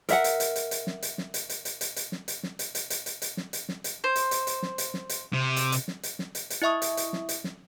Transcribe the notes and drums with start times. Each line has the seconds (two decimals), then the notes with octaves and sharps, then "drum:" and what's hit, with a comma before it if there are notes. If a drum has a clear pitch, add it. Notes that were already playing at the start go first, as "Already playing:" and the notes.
0.09 A#4 E5 F#5, drum: hi-hat
0.24 drum: hi-hat
0.40 drum: hi-hat
0.56 drum: hi-hat
0.71 drum: hi-hat
0.87 drum: snare
1.02 drum: hi-hat
1.18 drum: snare
1.34 drum: hi-hat
1.49 drum: hi-hat
1.65 drum: hi-hat
1.81 drum: hi-hat
1.96 drum: hi-hat
2.12 drum: snare
2.28 drum: hi-hat
2.43 drum: snare
2.59 drum: hi-hat
2.75 drum: hi-hat
2.90 drum: hi-hat
3.06 drum: hi-hat
3.22 drum: hi-hat
3.37 drum: snare
3.53 drum: hi-hat
3.69 drum: snare
3.84 drum: hi-hat
4.04 C5
4.16 drum: hi-hat
4.31 drum: hi-hat
4.47 drum: hi-hat
4.63 drum: snare
4.78 drum: hi-hat
4.94 drum: snare
5.09 drum: hi-hat
5.33 C3
5.56 drum: hi-hat
5.72 drum: hi-hat
5.88 drum: snare
6.03 drum: hi-hat
6.19 drum: snare
6.35 drum: hi-hat
6.50 drum: hi-hat
6.62 E4 D#5 E5 C#6 D#6
6.82 drum: hi-hat
6.97 drum: hi-hat
7.13 drum: snare
7.29 drum: hi-hat
7.44 drum: snare